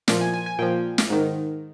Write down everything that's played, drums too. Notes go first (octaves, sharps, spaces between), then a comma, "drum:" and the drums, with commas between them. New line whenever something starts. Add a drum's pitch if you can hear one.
A#2 F3, drum: snare
G#5
G#5
G#5
A#2 F3 G5
drum: snare
G#2 D#3